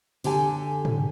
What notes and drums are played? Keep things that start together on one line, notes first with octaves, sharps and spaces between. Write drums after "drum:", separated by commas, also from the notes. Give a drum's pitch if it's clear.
D3 G4 A4 G#5, drum: open hi-hat
drum: tom